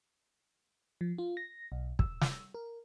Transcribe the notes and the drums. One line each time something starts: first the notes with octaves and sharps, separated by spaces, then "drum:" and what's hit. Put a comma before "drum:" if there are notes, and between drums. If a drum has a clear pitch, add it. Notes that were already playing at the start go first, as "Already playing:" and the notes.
F3
F4
A#6
B1
E6, drum: kick
drum: snare
A#4